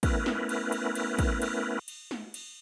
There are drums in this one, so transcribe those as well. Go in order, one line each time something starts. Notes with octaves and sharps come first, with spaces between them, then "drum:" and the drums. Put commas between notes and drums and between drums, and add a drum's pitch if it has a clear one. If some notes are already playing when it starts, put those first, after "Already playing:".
A3 B3 C#4 E4 A#4 B4, drum: kick, cymbal
drum: snare
drum: cymbal
drum: cymbal
drum: cymbal
drum: kick, cymbal
drum: cymbal
drum: cymbal
drum: snare
drum: cymbal